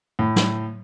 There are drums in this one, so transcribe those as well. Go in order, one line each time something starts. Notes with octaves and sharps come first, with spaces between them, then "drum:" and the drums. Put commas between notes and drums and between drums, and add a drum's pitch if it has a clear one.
A2
drum: snare